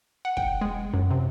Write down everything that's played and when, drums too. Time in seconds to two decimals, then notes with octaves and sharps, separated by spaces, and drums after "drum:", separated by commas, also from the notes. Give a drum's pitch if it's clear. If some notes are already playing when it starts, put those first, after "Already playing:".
0.25 F#5
0.37 G5, drum: kick
0.61 G#3
0.94 F#2
1.10 C3